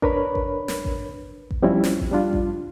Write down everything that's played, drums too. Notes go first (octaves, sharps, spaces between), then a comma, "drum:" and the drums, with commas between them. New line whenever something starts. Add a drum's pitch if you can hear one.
D4 A#4 B4 C#5 B5, drum: kick A1
drum: kick A1
drum: snare
drum: kick A1
drum: kick A1
F3 G3 C4 C#4 E4
drum: snare
drum: kick A1
G3 D4 F4
drum: kick A1